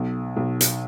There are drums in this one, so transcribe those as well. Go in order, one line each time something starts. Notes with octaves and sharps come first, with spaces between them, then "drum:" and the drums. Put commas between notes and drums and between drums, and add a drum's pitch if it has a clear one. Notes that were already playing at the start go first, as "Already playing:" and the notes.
Already playing: B1
B1
drum: hi-hat